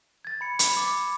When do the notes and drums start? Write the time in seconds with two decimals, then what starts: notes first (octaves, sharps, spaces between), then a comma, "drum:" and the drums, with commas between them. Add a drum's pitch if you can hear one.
0.25 G#6 A6
0.41 B5 C#7
0.59 B5, drum: hi-hat
0.77 D6